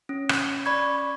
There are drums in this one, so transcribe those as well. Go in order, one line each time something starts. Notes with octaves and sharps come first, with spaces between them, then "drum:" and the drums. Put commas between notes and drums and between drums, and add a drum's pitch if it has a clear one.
C#4
drum: rim click
D5 B5 C#6 G#6